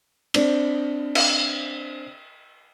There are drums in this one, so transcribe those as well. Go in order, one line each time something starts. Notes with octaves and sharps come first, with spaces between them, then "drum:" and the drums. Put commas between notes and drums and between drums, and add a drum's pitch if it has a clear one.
C4 D4, drum: cymbal
drum: cymbal